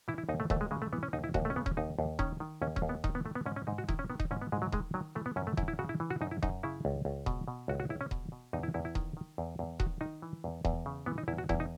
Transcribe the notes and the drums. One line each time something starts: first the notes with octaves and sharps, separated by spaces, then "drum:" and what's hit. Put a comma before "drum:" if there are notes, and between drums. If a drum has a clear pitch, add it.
E3 E4
E4
D#2 D#4
A3
D#2 A3, drum: kick D#1
G#3
C#3 G#3
A3
E3 B3
C#4
D#2 D#4
E4
D#2 F#4, drum: kick D#1
A3
C#4
C#3 B3
C#4, drum: kick D#1
D#2 D#4
D#2
D#3 C#4, drum: kick D#1
D#3
D#2 C#4
C#4, drum: kick D#1
D#2
B3
D#3 D#4, drum: kick D#1
B3
D#3 A3
B3
G#2 C#4
C#4
G#2 D#4
F#4
D#3 E4, drum: kick D#1
C#4
D#3 B3
D#4, drum: kick D#1
G#2 C#4
B3
G#2 G#3
F#3
D#3 G#3, drum: kick D#1
D#3 F#3
E3 A3
B3
F#2 C#4
A3
F#2 E4, drum: kick D#1
E4
C#3 F#4
E4
E3
F#4
F#2 D#4
E4
F#2 D#4, drum: kick D#1
C#3 E4
C#2
C#2
B2, drum: kick D#1
B2
C#2 F#4
F#4
C#2 E4
C#4
B2, drum: kick D#1
B2
E2 D#4
E4
E2 E4
E4
D#3, drum: kick D#1
D#3
E2
E2
D#3 F#4, drum: kick D#1
D#3 D#4
E3
E2
E2, drum: kick D#1
C#3
E3 B3
D#4
E2 E4
F#4
E2 E4, drum: kick D#1
D#4